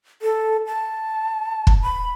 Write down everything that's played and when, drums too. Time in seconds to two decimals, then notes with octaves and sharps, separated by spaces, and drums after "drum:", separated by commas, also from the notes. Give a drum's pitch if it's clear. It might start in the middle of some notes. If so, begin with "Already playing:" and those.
0.22 A4
0.67 A5
1.67 drum: kick
1.82 B5